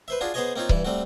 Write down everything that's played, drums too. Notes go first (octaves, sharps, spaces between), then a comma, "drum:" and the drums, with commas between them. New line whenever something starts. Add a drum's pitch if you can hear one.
B4 C5 E5
D4 F4 F#4 G#4
B3 G#4 C5 C#5 D#5 G#5
A#3 C4 D#4 F4 C#5
G2 E3, drum: kick C#1
G3 A3 C4 F#4